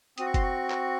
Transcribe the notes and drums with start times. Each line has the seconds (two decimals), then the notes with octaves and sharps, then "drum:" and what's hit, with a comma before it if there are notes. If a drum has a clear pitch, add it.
0.18 C4 F#4 D#6, drum: hi-hat
0.26 C#6
0.34 C6, drum: kick F#1, hi-hat
0.43 C#6
0.70 drum: clap